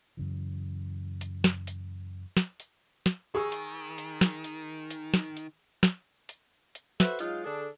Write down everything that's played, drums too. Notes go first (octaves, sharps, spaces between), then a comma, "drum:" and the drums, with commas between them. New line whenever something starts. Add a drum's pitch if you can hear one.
F#2 C#3 E3
drum: hi-hat
drum: snare
drum: hi-hat
drum: snare
drum: hi-hat
drum: snare
D#3 G#4 C#6 E6
drum: hi-hat
drum: hi-hat
drum: snare
drum: hi-hat
drum: hi-hat
drum: snare
drum: hi-hat
drum: snare
drum: hi-hat
drum: hi-hat
F#4 A4 B4 C5 E5, drum: snare
F#3 G#3 D#4 F4, drum: hi-hat
D3 D4 G#4 A4